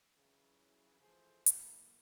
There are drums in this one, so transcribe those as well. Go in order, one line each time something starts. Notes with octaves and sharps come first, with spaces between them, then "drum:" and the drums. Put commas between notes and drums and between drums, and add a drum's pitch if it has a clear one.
C#3 E3 F#3
E3 F3 A3 G#4 A4 C5
B1 G#2 B2 E3 A#3, drum: hi-hat